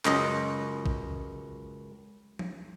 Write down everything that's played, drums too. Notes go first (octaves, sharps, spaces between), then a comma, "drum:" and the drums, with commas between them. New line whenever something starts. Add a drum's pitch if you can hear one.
C#2 F#2 D#5, drum: clap
drum: kick A1
drum: tom